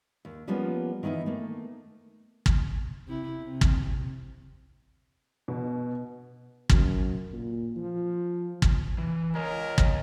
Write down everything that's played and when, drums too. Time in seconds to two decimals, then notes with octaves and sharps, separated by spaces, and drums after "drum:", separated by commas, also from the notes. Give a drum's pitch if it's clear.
0.25 D#2
0.48 F3 G3 A#3 B3 C#4 F4
1.03 D#3 E3 B3 D#4 E4
1.26 A3 A#3
2.46 drum: kick
3.08 C3 E4
3.42 C3
3.61 drum: kick
5.48 B2
6.69 F#2, drum: kick
7.33 A#2
7.77 F3
8.62 drum: kick
8.98 E3
9.35 A#4 C#5 D#5 G#5
9.78 drum: kick